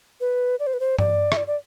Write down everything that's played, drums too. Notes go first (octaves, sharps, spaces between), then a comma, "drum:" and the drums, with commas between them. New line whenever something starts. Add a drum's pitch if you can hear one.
B4
D5
C5
B4
C5
D5, drum: tom G2
E5, drum: rim click
D5
D5